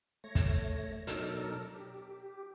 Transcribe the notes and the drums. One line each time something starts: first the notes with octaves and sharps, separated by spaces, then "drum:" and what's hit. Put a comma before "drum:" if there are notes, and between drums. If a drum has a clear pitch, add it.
A3 C#5 A#6
drum: kick, hi-hat
B2 F#3 D4 D#4 A4 A#4, drum: hi-hat
G4